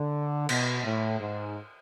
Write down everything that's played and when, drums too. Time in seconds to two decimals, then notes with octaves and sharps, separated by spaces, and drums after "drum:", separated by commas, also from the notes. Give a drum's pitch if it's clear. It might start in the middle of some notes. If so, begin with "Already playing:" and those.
Already playing: D3
0.49 B2, drum: cymbal
0.84 A2
1.19 G#2